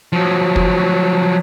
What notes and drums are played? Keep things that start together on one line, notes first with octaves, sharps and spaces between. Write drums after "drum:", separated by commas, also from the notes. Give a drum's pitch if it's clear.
F3 F#3
drum: kick